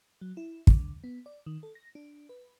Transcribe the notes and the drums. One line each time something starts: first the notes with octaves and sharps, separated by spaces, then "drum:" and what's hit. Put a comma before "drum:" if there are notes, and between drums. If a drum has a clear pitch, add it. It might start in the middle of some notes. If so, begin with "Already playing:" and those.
F#3
E4
D3, drum: kick
B3
D5
D#3
A4
A#6
D4
B4